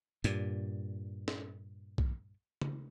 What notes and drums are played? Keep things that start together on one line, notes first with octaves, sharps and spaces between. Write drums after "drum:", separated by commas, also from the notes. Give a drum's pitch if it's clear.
G2 A#2, drum: hi-hat
drum: snare
drum: kick B1
drum: tom C#3